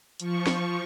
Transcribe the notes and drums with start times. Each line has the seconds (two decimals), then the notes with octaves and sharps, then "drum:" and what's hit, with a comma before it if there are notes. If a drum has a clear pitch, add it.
0.20 F3 C#6, drum: hi-hat
0.47 drum: snare